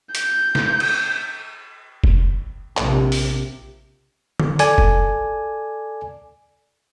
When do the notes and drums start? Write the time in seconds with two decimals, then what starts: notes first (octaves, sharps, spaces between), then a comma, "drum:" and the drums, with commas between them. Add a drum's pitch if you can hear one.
0.15 G6, drum: hi-hat
0.55 drum: snare
0.80 drum: cymbal
2.04 drum: kick F1
2.77 A#1 C3, drum: clap
3.12 drum: open hi-hat
4.39 drum: tom D3
4.59 A4 D5 G#5, drum: hi-hat
4.78 drum: kick F1